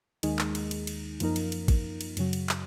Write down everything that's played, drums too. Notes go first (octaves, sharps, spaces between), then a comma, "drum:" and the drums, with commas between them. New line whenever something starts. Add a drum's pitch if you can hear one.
D#2 D#3 G#3 D#4 G#4, drum: cymbal
drum: clap
drum: cymbal
drum: cymbal
drum: cymbal
F#2 F3 A#3 D#4 A#4, drum: cymbal
drum: cymbal
drum: cymbal
drum: kick, cymbal
drum: cymbal
F#2 C#3 F#3, drum: cymbal
drum: cymbal
drum: clap